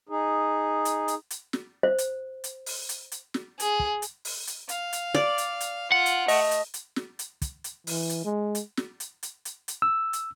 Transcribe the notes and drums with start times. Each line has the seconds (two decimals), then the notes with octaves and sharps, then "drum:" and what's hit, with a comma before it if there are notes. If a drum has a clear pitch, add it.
0.09 D#4 G#4
0.85 drum: hi-hat
1.08 drum: hi-hat
1.30 drum: hi-hat
1.53 drum: snare
1.83 C5
1.98 drum: hi-hat
2.44 drum: hi-hat
2.66 drum: open hi-hat
2.89 drum: hi-hat
3.12 drum: hi-hat
3.34 drum: snare
3.60 G#4, drum: hi-hat
3.79 drum: kick
4.02 drum: hi-hat
4.25 drum: open hi-hat
4.47 drum: hi-hat
4.69 F5, drum: hi-hat
4.93 drum: hi-hat
5.14 D5, drum: snare
5.38 drum: hi-hat
5.61 drum: hi-hat
5.92 F4 F#5
6.06 drum: hi-hat
6.28 A3 D#5, drum: open hi-hat
6.51 drum: hi-hat
6.74 drum: hi-hat
6.96 drum: snare
7.19 drum: hi-hat
7.42 drum: kick, hi-hat
7.64 drum: hi-hat
7.87 E3, drum: open hi-hat
8.09 drum: hi-hat
8.25 G#3
8.55 drum: hi-hat
8.77 drum: snare
9.00 drum: hi-hat
9.23 drum: hi-hat
9.45 drum: hi-hat
9.68 drum: hi-hat
9.82 E6
10.13 drum: hi-hat